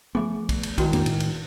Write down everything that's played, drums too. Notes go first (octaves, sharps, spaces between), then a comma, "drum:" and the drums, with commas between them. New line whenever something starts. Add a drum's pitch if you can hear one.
F3 A3 B3 G#4 G#5 D6
drum: kick, cymbal
drum: cymbal
G#2 D#3 E4 F#4 A#4, drum: kick, cymbal
F2 A#3 D4, drum: cymbal
A2, drum: cymbal
drum: cymbal